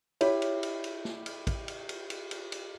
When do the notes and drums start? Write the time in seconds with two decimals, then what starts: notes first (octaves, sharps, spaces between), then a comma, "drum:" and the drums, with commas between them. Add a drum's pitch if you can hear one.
0.21 E4 G4 C#5 B5, drum: cymbal
0.42 drum: cymbal
0.63 drum: cymbal
0.84 drum: cymbal
1.05 drum: snare
1.26 drum: cymbal
1.47 drum: kick, cymbal
1.68 drum: cymbal
1.89 drum: cymbal
2.10 drum: cymbal
2.31 drum: cymbal
2.52 drum: cymbal